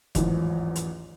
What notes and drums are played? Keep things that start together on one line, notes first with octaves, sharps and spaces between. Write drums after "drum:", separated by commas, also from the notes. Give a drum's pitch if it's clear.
A1 E2 G#2 D#3 F3 F#3, drum: kick F1, hi-hat
drum: hi-hat